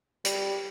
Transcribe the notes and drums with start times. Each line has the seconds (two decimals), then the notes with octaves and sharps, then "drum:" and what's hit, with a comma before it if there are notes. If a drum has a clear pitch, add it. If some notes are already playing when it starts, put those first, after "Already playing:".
0.25 G3, drum: hi-hat